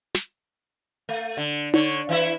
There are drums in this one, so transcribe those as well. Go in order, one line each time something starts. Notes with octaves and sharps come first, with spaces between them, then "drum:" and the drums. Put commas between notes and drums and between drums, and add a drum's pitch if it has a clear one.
drum: snare
A3
D3
D3 C#5, drum: tom D#4
E3 E4 E5